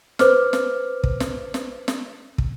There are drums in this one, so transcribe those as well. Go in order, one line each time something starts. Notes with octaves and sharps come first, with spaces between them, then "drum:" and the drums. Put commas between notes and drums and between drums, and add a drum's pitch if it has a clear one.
B4 C5 D6 F6, drum: snare
drum: snare
drum: kick
drum: snare
drum: snare
drum: snare
drum: kick